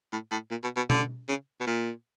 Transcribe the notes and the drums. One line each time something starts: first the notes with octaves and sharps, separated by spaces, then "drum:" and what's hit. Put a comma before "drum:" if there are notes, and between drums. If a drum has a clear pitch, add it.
A2
A2
A#2
B2
B2
D3, drum: tom
C#3
B2
A#2